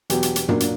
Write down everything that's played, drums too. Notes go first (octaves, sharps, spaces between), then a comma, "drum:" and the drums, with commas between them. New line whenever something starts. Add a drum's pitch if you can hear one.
E2 B2 F#3 G4, drum: hi-hat
drum: hi-hat
drum: hi-hat
A#2 F#3 A#3 D4, drum: tom
D4, drum: hi-hat